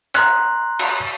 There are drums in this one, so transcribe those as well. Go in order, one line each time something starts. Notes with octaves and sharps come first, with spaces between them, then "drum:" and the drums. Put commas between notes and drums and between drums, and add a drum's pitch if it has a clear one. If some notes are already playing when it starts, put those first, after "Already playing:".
A#5 C6 F#6, drum: clap
drum: cymbal